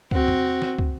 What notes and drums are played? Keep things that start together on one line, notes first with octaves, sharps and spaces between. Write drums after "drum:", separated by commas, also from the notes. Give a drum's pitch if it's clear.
C4 F#4, drum: kick
drum: tom E2
drum: snare
drum: kick